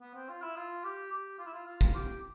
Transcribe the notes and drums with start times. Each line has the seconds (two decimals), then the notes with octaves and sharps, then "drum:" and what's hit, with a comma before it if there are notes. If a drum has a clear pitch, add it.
0.01 B3
0.15 C4
0.29 F4
0.42 E4
0.56 F4
0.84 G4
1.12 G4
1.39 F4
1.46 E4
1.54 F4
1.66 F4
1.81 drum: kick
1.94 G4